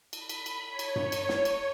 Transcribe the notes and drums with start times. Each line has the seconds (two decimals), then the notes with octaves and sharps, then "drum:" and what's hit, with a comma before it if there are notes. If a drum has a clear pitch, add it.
0.13 B5, drum: cymbal
0.29 drum: cymbal
0.46 drum: cymbal
0.67 C#5
0.79 drum: cymbal
0.96 drum: tom G2
1.12 drum: cymbal
1.29 drum: snare
1.45 drum: cymbal